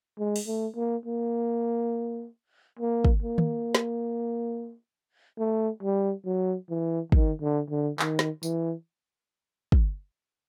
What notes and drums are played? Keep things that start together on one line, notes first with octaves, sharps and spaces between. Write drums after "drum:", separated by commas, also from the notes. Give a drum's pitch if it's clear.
G#3
drum: open hi-hat
A3
A#3
A#3
A#3
drum: kick
A#3
drum: tom D#3
drum: snare
A3
G3
F#3
E3
D#3, drum: kick
D3
D3
D#3, drum: clap
drum: snare
E3, drum: tambourine
drum: kick